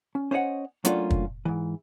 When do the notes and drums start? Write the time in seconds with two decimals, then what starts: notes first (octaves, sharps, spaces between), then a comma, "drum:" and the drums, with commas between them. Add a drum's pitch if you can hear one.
0.15 C#4
0.31 C#4 C5 C#5 D#5 F#5
0.85 F#3 A3 A#3 C#4 D4 F4, drum: hi-hat
1.10 drum: kick
1.45 G#2 E3